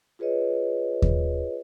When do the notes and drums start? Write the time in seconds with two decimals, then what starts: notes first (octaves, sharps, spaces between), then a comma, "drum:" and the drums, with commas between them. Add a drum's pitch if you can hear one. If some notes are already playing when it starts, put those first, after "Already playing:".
0.19 F4 G#4 B4 C#5 D#5
1.02 drum: kick D#2